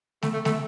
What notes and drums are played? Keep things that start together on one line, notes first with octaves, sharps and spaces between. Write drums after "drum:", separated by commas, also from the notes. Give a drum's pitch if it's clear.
A3, drum: snare
A3
A3, drum: snare